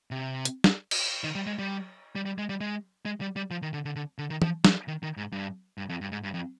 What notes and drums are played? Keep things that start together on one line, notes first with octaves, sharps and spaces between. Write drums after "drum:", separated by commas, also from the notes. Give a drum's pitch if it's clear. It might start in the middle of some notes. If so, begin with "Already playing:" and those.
C3
drum: hi-hat
drum: snare
drum: cymbal
D#3
G3
G#3
G3
G3
G3
G#3
G3
G#3
G#3
G3
G3
F3
D#3
D3
D3
D3
D3
D#3
F3, drum: tom
F3, drum: snare
D#3
D#3
G#2
G2
G2
F2
G2
G#2
G2
F2